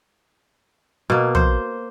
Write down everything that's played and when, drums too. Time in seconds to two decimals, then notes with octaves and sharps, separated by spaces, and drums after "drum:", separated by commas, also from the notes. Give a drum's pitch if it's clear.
1.10 B2 A#3
1.35 C5, drum: tom